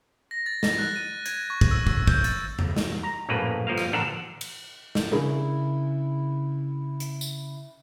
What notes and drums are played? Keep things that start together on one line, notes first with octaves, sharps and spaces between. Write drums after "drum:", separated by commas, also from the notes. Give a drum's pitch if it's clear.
A#6
A6
A#6, drum: snare
F#6
D#7
G#6, drum: hi-hat
C#6
drum: kick
E6
C#6, drum: kick
G6, drum: kick
A6, drum: hi-hat
drum: tom E2
drum: snare
A#5
A#1 F#2 A2 A#3 B4
G1 F3 A#3 F5
drum: rim click
A1 D3 D4 A4 A#4 F#5
drum: cymbal
drum: snare
C#3 D4 E4 G#4 A#4
drum: hi-hat
drum: tambourine